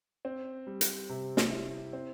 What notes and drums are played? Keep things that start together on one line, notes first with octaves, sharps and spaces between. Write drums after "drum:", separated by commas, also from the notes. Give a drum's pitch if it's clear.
C4
G3
drum: hi-hat
C3
drum: snare
E4
C4